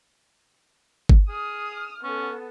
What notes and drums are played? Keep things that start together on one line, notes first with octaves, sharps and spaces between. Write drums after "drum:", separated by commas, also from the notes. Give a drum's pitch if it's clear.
drum: kick G1
G#4 D#6 F6
B3 C#4 A4